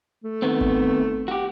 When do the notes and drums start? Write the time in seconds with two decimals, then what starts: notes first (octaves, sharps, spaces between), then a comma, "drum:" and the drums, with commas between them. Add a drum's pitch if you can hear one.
0.24 A3
0.42 D#3 B3 C4
0.61 drum: kick G#1
1.28 F#4 G4